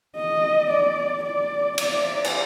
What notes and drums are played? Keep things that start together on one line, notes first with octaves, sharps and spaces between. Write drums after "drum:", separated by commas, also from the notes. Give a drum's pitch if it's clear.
D#5
D5
D5
D5, drum: cymbal
drum: cymbal